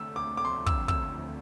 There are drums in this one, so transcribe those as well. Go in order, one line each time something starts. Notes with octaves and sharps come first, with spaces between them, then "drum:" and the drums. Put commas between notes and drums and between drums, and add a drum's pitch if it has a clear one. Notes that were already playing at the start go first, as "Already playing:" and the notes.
Already playing: D3 A3 E6
D2 D6
D6
F3 C6
E6, drum: kick
D3
E6, drum: kick